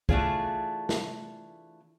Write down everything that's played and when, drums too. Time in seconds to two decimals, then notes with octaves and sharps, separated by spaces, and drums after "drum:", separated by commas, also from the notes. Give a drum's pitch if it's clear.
0.09 E3 A3 D4 F4 G#4, drum: kick
0.89 drum: snare